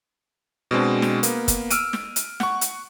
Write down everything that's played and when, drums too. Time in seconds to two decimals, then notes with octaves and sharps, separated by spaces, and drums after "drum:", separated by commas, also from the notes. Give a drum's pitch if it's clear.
0.71 B2 G#3 C4 D4
1.02 drum: snare
1.23 A#3 B3, drum: hi-hat
1.48 drum: kick, hi-hat
1.70 E6 F6 D7 D#7, drum: hi-hat
1.93 drum: snare
2.16 drum: hi-hat
2.40 F#5 C#6, drum: snare
2.61 drum: hi-hat